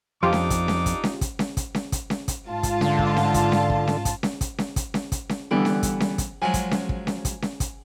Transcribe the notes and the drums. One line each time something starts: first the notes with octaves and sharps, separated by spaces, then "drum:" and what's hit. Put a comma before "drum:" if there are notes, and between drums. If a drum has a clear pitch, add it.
F2 D4 D#4 F4 G4 D6
drum: snare C#4
drum: kick, hi-hat
drum: snare C#4
drum: kick, hi-hat
drum: snare C#4
drum: kick, hi-hat
drum: snare C#4
drum: kick, hi-hat
drum: snare C#4
drum: kick, hi-hat
drum: snare C#4
drum: kick, hi-hat
G#2 F4 A5
drum: kick, hi-hat
D3, drum: snare C#4
drum: kick
drum: snare C#4
drum: kick, hi-hat
drum: snare C#4
drum: kick
drum: snare C#4
drum: kick, hi-hat
drum: snare C#4
drum: kick, hi-hat
drum: snare C#4
drum: kick, hi-hat
drum: snare C#4
drum: kick, hi-hat
drum: snare C#4
D3 E3 G3 B3
drum: snare C#4
drum: kick, hi-hat
drum: snare C#4
drum: kick, hi-hat
F3 F#3 G#3 G#5
drum: kick, hi-hat
drum: snare C#4
drum: kick
drum: snare C#4
drum: kick, hi-hat
drum: snare C#4
drum: kick, hi-hat